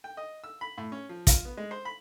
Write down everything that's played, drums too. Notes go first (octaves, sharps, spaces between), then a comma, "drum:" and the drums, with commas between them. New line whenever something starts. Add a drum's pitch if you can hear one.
G5
D#5
E6
B5
A2
C#4
F3
F4, drum: kick, hi-hat
B3
G#3
C5
B5